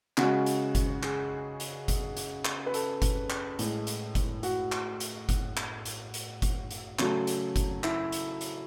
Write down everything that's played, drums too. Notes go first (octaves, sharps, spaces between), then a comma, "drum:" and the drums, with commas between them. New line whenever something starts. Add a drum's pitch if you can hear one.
C#3 G#3 F#4, drum: clap
drum: hi-hat
drum: kick G1, hi-hat
G#4, drum: clap
drum: hi-hat
drum: kick G1, hi-hat
drum: hi-hat
drum: clap
B4
A4, drum: hi-hat
drum: kick G1, hi-hat
drum: clap
A2 G#3, drum: hi-hat
drum: hi-hat
drum: kick G1, hi-hat
F#4, drum: hi-hat
drum: clap
drum: hi-hat
drum: kick G1, hi-hat
drum: clap
drum: hi-hat
drum: hi-hat
drum: kick G1, hi-hat
drum: hi-hat
C#3 F#3 A3, drum: clap
drum: hi-hat
drum: kick G1, hi-hat
E4, drum: clap
drum: hi-hat
drum: hi-hat